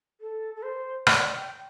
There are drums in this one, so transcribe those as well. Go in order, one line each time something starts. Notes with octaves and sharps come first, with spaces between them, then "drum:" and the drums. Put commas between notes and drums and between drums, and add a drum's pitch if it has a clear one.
A4
A4
C5
D5, drum: rim click
G5